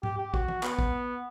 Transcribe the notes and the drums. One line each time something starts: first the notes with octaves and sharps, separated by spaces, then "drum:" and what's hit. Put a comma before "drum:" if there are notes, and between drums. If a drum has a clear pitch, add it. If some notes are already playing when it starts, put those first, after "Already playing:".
G4, drum: tom G#2
G4
F#4, drum: kick
drum: tom E3
B3, drum: clap
drum: kick